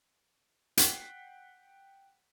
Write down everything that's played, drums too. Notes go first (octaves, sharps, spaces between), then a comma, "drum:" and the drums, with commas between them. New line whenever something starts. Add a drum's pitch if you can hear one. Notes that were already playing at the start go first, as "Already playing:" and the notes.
F#5 G5 B6 C7, drum: hi-hat